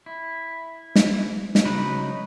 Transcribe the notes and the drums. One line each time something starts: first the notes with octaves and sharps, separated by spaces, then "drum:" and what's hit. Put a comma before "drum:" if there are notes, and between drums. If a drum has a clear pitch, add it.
E4
drum: snare
drum: snare
C#3 F#3 D#4 B4